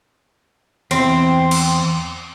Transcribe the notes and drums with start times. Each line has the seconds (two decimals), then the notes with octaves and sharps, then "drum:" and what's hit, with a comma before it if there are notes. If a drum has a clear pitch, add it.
0.91 E2 C4, drum: cymbal
1.51 drum: cymbal